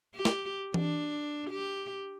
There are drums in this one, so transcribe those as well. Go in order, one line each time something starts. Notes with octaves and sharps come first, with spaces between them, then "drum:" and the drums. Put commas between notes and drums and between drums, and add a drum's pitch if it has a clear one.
G4
drum: snare
D4, drum: tom E3
G4